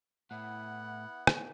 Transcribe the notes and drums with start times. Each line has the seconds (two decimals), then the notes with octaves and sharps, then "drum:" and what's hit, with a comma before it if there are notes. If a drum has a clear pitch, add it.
0.31 A2 B3 E4 F#5
1.27 drum: rim click